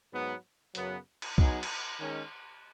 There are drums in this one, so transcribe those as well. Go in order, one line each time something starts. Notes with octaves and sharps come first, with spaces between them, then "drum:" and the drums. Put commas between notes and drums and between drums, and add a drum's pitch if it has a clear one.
G#2 F#3 B3
F#2 C#3 F#3 B3, drum: hi-hat
drum: cymbal
F#3 B3 D#4 G#4, drum: kick
drum: cymbal
D#3 G#3 C#4